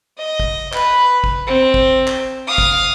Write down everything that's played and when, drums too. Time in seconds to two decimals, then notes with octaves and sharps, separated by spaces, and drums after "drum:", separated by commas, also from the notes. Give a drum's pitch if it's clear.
0.18 D#5
0.40 drum: kick
0.73 B4, drum: clap
1.24 drum: kick
1.47 C4
1.74 drum: kick
2.08 drum: clap
2.47 F5 D#6
2.58 drum: kick